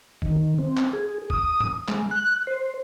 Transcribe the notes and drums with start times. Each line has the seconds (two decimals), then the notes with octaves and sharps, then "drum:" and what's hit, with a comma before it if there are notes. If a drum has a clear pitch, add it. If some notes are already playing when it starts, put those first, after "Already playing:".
0.22 D#3, drum: kick
0.58 C4
0.77 drum: clap
0.93 G#4
1.30 D#6, drum: kick
1.60 drum: tom G2
1.88 G#3, drum: clap
2.11 F#6
2.47 C5